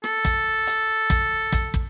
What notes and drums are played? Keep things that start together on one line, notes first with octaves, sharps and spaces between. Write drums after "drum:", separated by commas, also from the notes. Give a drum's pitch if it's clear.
A4, drum: rim click
drum: kick, hi-hat
drum: hi-hat
drum: kick, hi-hat
drum: kick, hi-hat
drum: kick